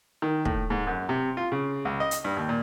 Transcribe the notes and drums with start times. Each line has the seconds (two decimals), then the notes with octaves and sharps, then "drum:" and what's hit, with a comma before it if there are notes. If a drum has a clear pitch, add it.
0.22 D#3
0.45 A2, drum: kick
0.70 G#2
0.87 F#2
1.09 C3
1.37 F4
1.52 C#3
1.85 C#2
2.00 D#5
2.11 drum: hi-hat
2.25 G2
2.37 D#2
2.49 A#2